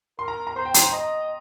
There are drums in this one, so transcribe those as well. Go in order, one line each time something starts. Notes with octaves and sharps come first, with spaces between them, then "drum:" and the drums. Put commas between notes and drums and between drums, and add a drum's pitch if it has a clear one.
A#4 C6
A#5
A#5
C5 C6
G5
A#5, drum: hi-hat
C6
D#5 A#5